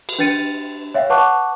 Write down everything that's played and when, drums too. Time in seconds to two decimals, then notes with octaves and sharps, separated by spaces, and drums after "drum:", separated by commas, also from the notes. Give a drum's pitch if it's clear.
0.09 drum: cymbal
0.19 D4 B4 G5 A6 C#7 D#7
0.94 C#5 E5 F5 G5
1.10 B4 F#5 A5 C#6 D6 F#6